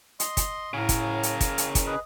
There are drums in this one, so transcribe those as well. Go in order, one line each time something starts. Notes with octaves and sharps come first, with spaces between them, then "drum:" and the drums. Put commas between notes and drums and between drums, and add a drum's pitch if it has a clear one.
D#5 C6, drum: hi-hat
drum: kick, hi-hat
A2 C#3 A#4 F5 G#5
drum: kick, hi-hat
drum: hi-hat
drum: kick, hi-hat
drum: hi-hat
drum: kick, hi-hat
G#4 B4 D#5